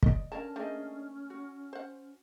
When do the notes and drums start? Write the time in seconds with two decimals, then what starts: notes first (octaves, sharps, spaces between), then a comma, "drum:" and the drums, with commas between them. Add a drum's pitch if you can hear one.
0.03 D5 D#5, drum: kick
0.32 D3 C#4 A#4 F5 A5
0.56 A3 A#3 D4 G#4 D#5
1.30 F#4
1.73 C5 F#5